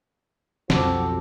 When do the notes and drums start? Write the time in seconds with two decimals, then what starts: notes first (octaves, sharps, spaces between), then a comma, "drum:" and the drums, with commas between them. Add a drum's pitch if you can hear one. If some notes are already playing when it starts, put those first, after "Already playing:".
0.70 B1 F2 F#4 G4 A4 C5, drum: snare